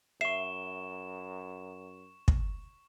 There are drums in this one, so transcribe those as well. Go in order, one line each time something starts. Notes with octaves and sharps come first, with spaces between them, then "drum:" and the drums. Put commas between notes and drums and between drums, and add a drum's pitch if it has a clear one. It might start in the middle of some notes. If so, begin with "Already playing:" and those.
F#2 E5 C#6 C7 E7
drum: kick